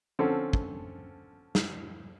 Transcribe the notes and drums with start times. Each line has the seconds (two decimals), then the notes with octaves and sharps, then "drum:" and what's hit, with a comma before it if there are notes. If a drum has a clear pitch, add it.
0.19 D3 F3 C4 C#4 A4
0.53 drum: kick
1.55 drum: snare